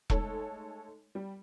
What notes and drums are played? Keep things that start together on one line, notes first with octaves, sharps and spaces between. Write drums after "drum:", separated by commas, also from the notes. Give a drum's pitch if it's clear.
G#3 A3 D#4 A4 C#5, drum: kick E1
G3